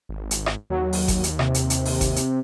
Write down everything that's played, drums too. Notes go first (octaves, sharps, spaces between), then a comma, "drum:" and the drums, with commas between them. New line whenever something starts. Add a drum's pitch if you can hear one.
G#1
drum: hi-hat
drum: rim click
D#2 F#3
drum: open hi-hat
drum: kick G1, hi-hat
drum: hi-hat
C3, drum: rim click
drum: hi-hat
drum: hi-hat
drum: open hi-hat
drum: kick G1, hi-hat
drum: hi-hat